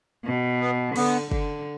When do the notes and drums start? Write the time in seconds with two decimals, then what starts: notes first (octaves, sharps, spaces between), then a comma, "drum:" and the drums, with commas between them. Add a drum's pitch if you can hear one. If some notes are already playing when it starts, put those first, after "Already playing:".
0.25 B2
0.60 B3
0.96 D3 B3, drum: cymbal
1.31 D3, drum: kick